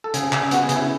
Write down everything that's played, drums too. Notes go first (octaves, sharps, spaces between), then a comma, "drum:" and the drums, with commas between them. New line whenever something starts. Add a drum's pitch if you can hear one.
A4
C#3 G#4, drum: hi-hat
C#3, drum: clap
B3 F#4, drum: hi-hat
G#4
C#3, drum: hi-hat
E4